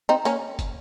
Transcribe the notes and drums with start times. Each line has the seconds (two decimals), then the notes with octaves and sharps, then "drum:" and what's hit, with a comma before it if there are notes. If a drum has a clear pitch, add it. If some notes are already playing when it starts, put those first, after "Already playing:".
0.09 C4 D#4
0.25 A#3 C#4, drum: hi-hat
0.59 drum: kick, hi-hat